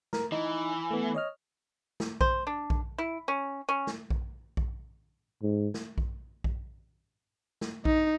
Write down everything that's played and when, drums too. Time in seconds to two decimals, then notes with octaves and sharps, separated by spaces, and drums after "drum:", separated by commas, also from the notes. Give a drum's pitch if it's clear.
0.13 A#4, drum: snare
0.32 E3 D#4
0.90 A3 B3
1.14 C#5 D#5 F6
2.00 drum: snare
2.21 C5, drum: kick A#1
2.47 D4
2.70 drum: kick A#1
2.98 E4
3.28 C#4
3.69 C#4
3.87 drum: snare
4.10 drum: kick A#1
4.57 drum: kick A#1
5.42 G#2
5.74 drum: snare
5.98 drum: kick A#1
6.44 drum: kick A#1
7.61 drum: snare
7.85 D#4, drum: kick A#1